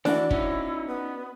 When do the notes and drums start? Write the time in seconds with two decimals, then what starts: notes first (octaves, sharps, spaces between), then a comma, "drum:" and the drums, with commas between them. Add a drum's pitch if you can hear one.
0.05 E3 D4 E4 F#4, drum: snare D#4
0.31 C#4 D#4 E4, drum: kick
0.87 B3